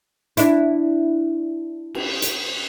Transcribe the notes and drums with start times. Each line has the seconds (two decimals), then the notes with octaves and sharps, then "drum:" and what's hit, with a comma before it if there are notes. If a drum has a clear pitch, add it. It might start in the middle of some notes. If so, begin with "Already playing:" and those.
0.37 D4 E4, drum: hi-hat
1.94 drum: cymbal
2.22 drum: hi-hat